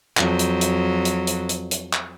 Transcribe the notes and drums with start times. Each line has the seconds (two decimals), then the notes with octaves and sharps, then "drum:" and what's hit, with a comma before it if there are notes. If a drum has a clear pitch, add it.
0.17 F2 F#3, drum: clap
0.39 drum: hi-hat
0.61 drum: hi-hat
1.05 drum: hi-hat
1.27 drum: hi-hat
1.49 drum: hi-hat
1.71 drum: hi-hat
1.93 drum: clap